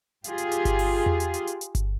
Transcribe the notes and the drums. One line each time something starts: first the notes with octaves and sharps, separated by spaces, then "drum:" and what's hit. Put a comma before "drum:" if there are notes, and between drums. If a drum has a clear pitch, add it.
F4 G4 G#4, drum: hi-hat
drum: hi-hat
drum: hi-hat
drum: kick G1, hi-hat
drum: open hi-hat
drum: tom E2
drum: hi-hat
drum: hi-hat
drum: hi-hat
drum: hi-hat
drum: kick G1, hi-hat